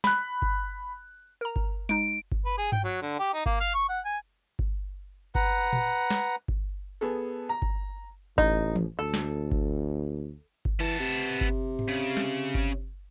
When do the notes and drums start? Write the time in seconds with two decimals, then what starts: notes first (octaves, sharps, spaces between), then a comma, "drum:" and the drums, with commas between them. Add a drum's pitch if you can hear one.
0.04 B5 F#6, drum: snare
0.42 drum: kick G1
1.41 A#4 A#5
1.56 drum: kick G1
1.89 G#3 D#4 D7
2.32 drum: kick G1
2.45 B4
2.58 G#4
2.72 G5, drum: tom G2
2.84 F#3
3.02 D3
3.19 G4
3.34 D#4
3.46 A#3, drum: kick G1
3.60 F5
3.74 C#6
3.89 F#5
4.05 G#5
4.59 drum: kick G1
5.35 B4 F#5 A#5, drum: kick G1
5.73 drum: tom A#2
6.11 drum: snare
6.48 drum: kick G1
7.01 B3 G#4 A4
7.49 A#5
7.62 drum: kick G1
8.38 A1 D#4, drum: kick G1
8.76 drum: tom E3
8.99 D2 A4
9.14 drum: snare
9.52 drum: kick G1
10.65 drum: kick G1
10.80 E3 B3 A5
11.00 C3
11.41 drum: kick G1
11.79 drum: tom G#2
11.88 C#3
12.17 drum: snare
12.55 drum: kick G1